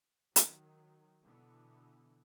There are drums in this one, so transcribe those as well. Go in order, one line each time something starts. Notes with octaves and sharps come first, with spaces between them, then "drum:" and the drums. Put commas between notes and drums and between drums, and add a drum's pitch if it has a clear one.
D#3 F#3, drum: hi-hat
B2 D3 E3 B3